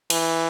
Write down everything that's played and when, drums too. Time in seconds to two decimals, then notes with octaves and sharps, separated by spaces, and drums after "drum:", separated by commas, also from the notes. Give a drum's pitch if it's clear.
0.10 E3, drum: cymbal